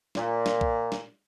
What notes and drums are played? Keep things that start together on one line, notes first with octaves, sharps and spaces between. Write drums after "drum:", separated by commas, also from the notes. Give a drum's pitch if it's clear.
A#2, drum: snare
drum: snare
drum: kick
drum: snare